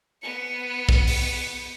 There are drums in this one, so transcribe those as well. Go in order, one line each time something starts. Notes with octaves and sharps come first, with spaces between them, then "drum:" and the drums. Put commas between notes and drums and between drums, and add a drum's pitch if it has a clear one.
B3 C#7
drum: kick
drum: open hi-hat